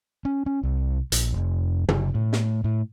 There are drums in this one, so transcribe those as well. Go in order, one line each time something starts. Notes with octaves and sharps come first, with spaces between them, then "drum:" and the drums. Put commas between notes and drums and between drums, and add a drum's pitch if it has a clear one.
C#4
C#4
C2
A#1, drum: hi-hat
F1
F#1, drum: tom
A2
drum: snare
A2